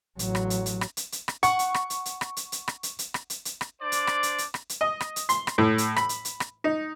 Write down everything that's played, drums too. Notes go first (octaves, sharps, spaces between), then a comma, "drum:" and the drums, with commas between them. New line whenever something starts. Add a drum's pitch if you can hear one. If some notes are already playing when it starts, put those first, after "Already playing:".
A1 F#3, drum: hi-hat
drum: rim click
drum: hi-hat
drum: hi-hat
drum: rim click
drum: hi-hat
drum: hi-hat
drum: rim click
F#5 C#6, drum: hi-hat
drum: hi-hat
drum: rim click
drum: hi-hat
drum: hi-hat
drum: rim click
drum: hi-hat
drum: hi-hat
drum: rim click
drum: hi-hat
drum: hi-hat
drum: rim click
drum: hi-hat
drum: hi-hat
drum: rim click
D4 C5 D5
drum: hi-hat
drum: rim click
drum: hi-hat
drum: hi-hat
drum: rim click
drum: hi-hat
D#5
drum: rim click
drum: hi-hat
C6, drum: hi-hat
drum: rim click
A2
drum: hi-hat
B5, drum: rim click
drum: hi-hat
drum: hi-hat
drum: rim click
D#4